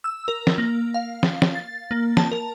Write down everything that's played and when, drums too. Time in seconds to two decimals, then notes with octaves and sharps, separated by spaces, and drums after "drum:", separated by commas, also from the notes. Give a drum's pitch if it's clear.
0.04 E6
0.28 A#4
0.47 drum: snare
0.58 A#3
0.94 F5
1.23 drum: snare
1.42 drum: snare
1.55 A6
1.91 A#3
2.17 A5, drum: snare
2.32 A#4